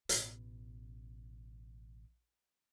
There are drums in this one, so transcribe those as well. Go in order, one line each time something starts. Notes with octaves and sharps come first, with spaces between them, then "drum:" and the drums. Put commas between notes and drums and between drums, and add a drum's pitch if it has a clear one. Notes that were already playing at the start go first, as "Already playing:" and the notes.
A1 B2, drum: hi-hat